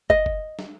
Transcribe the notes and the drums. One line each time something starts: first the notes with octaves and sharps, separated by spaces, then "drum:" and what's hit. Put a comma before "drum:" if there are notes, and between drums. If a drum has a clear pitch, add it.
D#5, drum: kick
drum: kick
drum: snare